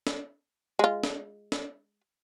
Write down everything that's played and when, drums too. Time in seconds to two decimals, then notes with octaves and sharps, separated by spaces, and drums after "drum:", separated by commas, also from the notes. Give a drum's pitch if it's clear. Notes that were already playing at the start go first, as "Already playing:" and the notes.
0.07 drum: snare
0.79 G#3 F4
1.04 drum: snare
1.52 drum: snare